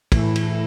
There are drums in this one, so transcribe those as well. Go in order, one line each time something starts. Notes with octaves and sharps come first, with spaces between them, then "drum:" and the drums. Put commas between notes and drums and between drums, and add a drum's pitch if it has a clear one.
A2 E3 A3 E4, drum: kick, cymbal
drum: cymbal